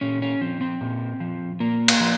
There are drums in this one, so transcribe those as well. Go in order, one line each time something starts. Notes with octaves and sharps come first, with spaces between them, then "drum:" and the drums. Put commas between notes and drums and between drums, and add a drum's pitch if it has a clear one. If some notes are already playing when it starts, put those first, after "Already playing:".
A#2 C#4
C#4
F3 C4
C4
A#2
F3
A#2 A#3
drum: cymbal
F3